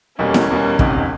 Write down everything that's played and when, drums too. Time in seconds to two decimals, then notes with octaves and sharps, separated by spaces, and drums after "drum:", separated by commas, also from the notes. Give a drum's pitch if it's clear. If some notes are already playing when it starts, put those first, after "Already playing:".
0.19 F1 E2 B2 G3 A#3 C#4
0.34 drum: snare E4
0.50 F1 E2 B2 G3 A#3
0.79 E1 E2 C3 D#3, drum: kick